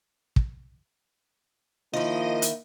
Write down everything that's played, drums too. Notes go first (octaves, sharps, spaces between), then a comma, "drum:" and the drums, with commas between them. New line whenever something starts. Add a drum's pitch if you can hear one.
drum: kick
D#3 F3 A#3 E4 D#5
drum: hi-hat